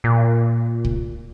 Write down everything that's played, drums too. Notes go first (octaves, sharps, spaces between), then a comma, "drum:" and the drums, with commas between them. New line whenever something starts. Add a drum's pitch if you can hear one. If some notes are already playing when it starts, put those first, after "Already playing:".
A#2
drum: kick